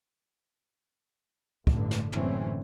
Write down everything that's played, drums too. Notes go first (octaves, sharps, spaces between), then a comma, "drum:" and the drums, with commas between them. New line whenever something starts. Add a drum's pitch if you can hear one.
A1 G2 D3, drum: kick
drum: snare
F#1 A2 D3 E3 C4 C#4, drum: tom